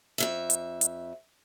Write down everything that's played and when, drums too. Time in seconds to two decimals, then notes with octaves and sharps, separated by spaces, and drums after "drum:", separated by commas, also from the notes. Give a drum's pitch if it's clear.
0.18 F2 C#3 E5
0.50 drum: hi-hat
0.81 drum: hi-hat